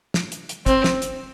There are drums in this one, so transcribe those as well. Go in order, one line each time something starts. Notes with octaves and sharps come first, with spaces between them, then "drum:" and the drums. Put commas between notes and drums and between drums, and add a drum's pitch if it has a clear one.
drum: snare
drum: hi-hat
drum: hi-hat
C4, drum: kick, hi-hat
drum: snare
drum: hi-hat